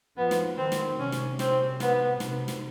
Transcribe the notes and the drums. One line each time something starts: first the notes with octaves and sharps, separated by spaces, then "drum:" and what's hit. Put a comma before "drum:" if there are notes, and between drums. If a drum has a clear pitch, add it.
F3 B3
drum: snare
D#3 C4
drum: snare
C3 C#4
drum: snare
C4, drum: snare
B3, drum: snare
C3, drum: snare
drum: snare